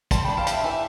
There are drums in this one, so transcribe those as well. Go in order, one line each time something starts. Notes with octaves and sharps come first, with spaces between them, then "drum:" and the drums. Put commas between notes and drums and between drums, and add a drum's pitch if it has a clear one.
G3 A5 C6, drum: kick, hi-hat
D4 G5 B5
F5 A5
G4 E5, drum: hi-hat
E3 E5